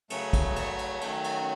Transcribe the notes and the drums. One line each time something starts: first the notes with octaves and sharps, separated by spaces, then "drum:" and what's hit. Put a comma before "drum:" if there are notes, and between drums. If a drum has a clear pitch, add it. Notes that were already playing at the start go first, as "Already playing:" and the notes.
C#3 F#3 A3 C#4, drum: cymbal
drum: kick, cymbal
drum: cymbal
drum: cymbal
D#3 F#3 A3, drum: cymbal
drum: cymbal